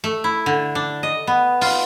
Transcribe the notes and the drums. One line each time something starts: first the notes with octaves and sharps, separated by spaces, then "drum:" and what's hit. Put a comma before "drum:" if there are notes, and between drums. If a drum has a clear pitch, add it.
A3
E4
D3
D4
D#5
B3
F4, drum: open hi-hat